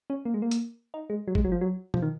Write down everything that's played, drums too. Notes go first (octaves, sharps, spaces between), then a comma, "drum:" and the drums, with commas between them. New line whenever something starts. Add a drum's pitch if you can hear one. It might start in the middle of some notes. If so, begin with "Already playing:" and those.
C#4
A#3
G#3
A#3
drum: hi-hat
D#4
G#3
F#3
G#3, drum: kick G1
F#3
F3
F#3
F3, drum: tom
D#3